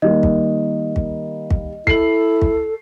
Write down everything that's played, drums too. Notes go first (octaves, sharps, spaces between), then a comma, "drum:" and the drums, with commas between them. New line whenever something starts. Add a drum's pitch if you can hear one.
D#3 G3 A#3 D#5
drum: kick
drum: kick
drum: kick
E4 A4 C7 F#7, drum: kick
drum: kick